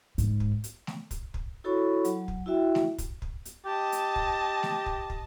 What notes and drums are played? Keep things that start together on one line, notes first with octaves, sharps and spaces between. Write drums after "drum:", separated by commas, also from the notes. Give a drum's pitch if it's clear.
G#2, drum: hi-hat
drum: kick
drum: hi-hat
drum: snare
drum: kick, hi-hat
drum: kick
E4 F#4 A4 C#5 B5 C#6
F#3, drum: hi-hat
drum: kick
E4 F#4 E5 G5
drum: snare
drum: kick, hi-hat
drum: kick
drum: hi-hat
G4 D#5 A5
drum: hi-hat
drum: kick
drum: snare
drum: kick
drum: kick